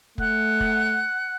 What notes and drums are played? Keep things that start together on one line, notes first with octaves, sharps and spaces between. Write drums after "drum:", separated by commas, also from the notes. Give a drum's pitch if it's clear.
A3 F#5 F#6, drum: kick
drum: kick